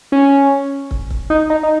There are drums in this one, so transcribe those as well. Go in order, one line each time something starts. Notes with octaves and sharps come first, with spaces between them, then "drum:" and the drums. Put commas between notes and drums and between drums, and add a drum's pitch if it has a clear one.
C#4
drum: kick
drum: kick
D#4
D#4
D#4